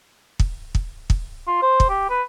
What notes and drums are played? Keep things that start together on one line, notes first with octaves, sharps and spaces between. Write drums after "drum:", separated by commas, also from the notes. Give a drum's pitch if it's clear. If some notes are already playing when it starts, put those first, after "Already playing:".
drum: kick
drum: kick
drum: kick
F4
C5
drum: kick
G4
B4